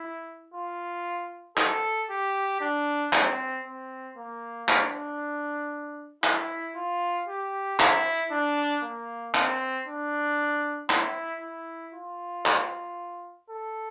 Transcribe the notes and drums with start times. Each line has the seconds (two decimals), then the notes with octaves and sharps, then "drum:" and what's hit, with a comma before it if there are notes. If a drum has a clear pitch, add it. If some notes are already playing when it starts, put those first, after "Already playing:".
Already playing: E4
0.54 F4
1.57 A4, drum: clap
2.10 G4
2.61 D4
3.13 C4, drum: clap
3.65 C4
4.17 A#3
4.69 D4, drum: clap
6.24 E4, drum: clap
6.76 F4
7.28 G4
7.80 E4, drum: clap
8.31 D4
8.83 A#3
9.35 C4, drum: clap
9.87 D4
10.90 E4, drum: clap
11.42 E4
11.94 F4
12.46 drum: clap
13.50 A4